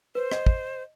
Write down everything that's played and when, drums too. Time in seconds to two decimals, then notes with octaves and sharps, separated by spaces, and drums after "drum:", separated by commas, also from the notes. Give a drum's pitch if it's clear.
0.15 B4 C5
0.32 D#5, drum: rim click
0.46 drum: kick